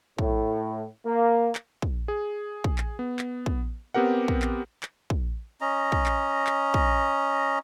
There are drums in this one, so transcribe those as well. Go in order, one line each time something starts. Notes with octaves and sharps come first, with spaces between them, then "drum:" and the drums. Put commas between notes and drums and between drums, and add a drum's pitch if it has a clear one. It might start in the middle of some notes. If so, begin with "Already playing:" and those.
A2, drum: kick
A#3
drum: clap
drum: kick
G#4
drum: kick
drum: clap
B3
drum: clap
drum: kick
B3 C4 G4 A#4 F#5
drum: kick
drum: clap
drum: clap
drum: kick
C#4 D#5 A#5
drum: kick
drum: clap
drum: clap
drum: kick